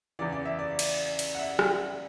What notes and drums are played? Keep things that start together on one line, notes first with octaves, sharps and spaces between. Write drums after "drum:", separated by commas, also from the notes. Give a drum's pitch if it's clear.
E2 C#3 E3 D5
D5
E5
D5
drum: cymbal
drum: cymbal
F#5
E5
drum: rim click